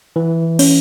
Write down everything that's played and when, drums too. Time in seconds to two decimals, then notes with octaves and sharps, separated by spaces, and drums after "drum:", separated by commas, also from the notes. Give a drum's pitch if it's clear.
0.16 E3
0.59 C#4, drum: cymbal